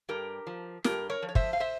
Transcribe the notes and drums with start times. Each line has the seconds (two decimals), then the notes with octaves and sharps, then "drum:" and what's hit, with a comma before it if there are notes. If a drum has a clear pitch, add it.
0.09 G2 G4 A#4
0.47 F3
0.84 G2 G4 A#4, drum: snare
1.10 A#4 C#5
1.22 F3
1.29 C#5
1.35 C5 E5, drum: kick
1.53 F5
1.60 C5 E5